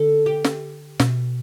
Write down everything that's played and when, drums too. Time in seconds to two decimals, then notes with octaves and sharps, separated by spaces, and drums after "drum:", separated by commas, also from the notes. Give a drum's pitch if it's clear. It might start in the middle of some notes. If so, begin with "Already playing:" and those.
Already playing: D3 A4
0.26 G4
0.44 drum: snare
1.00 B2, drum: snare